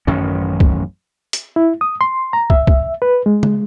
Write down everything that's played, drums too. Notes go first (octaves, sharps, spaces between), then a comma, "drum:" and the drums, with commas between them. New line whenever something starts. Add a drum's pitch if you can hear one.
A1 F#2 D#3 C#4
drum: kick
drum: hi-hat
E4
D#6
C6
A#5
E5, drum: kick
drum: kick
B4
G#3
drum: tom